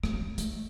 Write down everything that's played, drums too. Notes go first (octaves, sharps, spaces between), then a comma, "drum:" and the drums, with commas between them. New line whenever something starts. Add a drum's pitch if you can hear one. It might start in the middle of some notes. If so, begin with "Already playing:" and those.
A#3, drum: rim click
A#3
A3
A3, drum: hi-hat